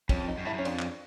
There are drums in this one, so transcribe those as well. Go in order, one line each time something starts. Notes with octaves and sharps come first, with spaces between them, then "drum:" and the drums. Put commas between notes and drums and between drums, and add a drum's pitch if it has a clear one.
F2 C#4, drum: kick, cymbal
D#4
F#2
G2 E4
F#2
C#4
F2 D4, drum: cymbal
drum: clap